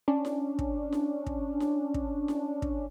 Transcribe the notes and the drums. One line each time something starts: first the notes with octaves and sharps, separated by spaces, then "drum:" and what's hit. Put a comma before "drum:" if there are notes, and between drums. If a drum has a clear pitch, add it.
C#4 D4
drum: snare E4
drum: kick
drum: snare E4
drum: kick
drum: snare E4
drum: kick
drum: snare E4
drum: kick